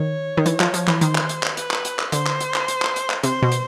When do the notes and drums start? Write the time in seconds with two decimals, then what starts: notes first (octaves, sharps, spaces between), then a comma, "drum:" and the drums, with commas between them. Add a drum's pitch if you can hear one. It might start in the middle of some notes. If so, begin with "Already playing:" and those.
Already playing: D#3 C#5
0.37 D#3
0.46 E3, drum: hi-hat
0.60 F3, drum: clap
0.74 F3, drum: hi-hat
0.88 E3, drum: clap
1.01 D#3 C5, drum: hi-hat
1.15 drum: clap
1.29 drum: hi-hat
1.43 drum: clap
1.57 B4, drum: hi-hat
1.71 drum: clap
1.85 drum: hi-hat
1.99 drum: clap
2.12 D3 C5, drum: hi-hat
2.27 drum: clap
2.40 drum: hi-hat
2.54 drum: clap
2.68 drum: hi-hat
2.82 drum: clap
2.96 drum: hi-hat
3.10 drum: clap
3.23 C3 C5, drum: hi-hat
3.43 B2
3.52 drum: hi-hat